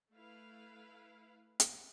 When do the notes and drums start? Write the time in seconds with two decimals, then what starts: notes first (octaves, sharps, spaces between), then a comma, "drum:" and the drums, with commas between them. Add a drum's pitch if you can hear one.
0.12 A3 E4 B4 F5
1.60 drum: hi-hat